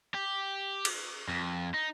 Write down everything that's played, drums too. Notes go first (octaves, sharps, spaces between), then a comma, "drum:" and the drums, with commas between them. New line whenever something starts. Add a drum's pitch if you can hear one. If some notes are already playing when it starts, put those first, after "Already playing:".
G4
drum: cymbal
F2
D#4